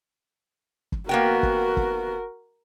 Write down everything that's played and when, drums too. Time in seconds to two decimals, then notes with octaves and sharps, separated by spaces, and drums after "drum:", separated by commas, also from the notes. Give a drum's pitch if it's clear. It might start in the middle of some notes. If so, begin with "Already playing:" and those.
0.92 drum: kick
1.09 A#3 B3 F#4 A#4 G5
1.43 drum: kick
1.77 drum: kick